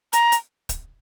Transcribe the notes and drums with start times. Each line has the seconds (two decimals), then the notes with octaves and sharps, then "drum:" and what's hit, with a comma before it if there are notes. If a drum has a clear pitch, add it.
0.13 A#5, drum: hi-hat
0.32 drum: hi-hat
0.69 drum: kick, hi-hat